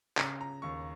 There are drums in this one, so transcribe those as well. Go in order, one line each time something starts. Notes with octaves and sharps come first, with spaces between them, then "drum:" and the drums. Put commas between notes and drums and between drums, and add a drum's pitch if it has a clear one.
C#3 A#5, drum: clap
A#5
D#2 C#6